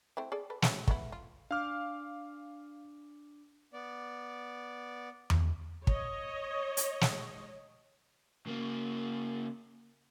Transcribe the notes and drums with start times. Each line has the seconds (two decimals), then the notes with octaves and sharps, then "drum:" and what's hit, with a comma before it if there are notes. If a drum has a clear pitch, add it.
0.17 A3 C4 E4
0.32 G#4 A4 D5
0.50 A4 B4
0.62 F#3 C#4 E4, drum: snare
0.88 A3 B3 E4, drum: kick
1.12 F4
1.51 D4 F5 D6 F6
3.73 B3 D5
5.30 drum: tom E2
5.87 C#5 D#5, drum: kick
6.77 drum: hi-hat
7.01 drum: snare
8.47 C#3 A#3